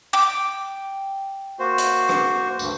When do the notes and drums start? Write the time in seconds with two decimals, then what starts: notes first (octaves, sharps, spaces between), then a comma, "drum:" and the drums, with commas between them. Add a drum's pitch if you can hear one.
0.13 G5 D6
1.59 A#3 F#4 C5
1.78 drum: hi-hat
2.09 drum: rim click
2.59 D2 G2, drum: tambourine